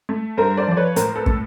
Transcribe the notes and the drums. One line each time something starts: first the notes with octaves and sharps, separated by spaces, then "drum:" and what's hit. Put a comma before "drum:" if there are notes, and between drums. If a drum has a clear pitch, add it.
A3
G2 A#4 C5
C5 D5
F3 D5
B4 C#5
A2 A#4 C5, drum: hi-hat
A4 B4
A3, drum: kick